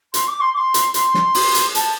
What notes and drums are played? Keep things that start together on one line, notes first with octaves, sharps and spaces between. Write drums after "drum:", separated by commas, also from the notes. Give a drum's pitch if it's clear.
C6, drum: hi-hat
D6
C6
D6
C6
drum: hi-hat
C6, drum: hi-hat
drum: snare
drum: open hi-hat
drum: hi-hat
A5, drum: hi-hat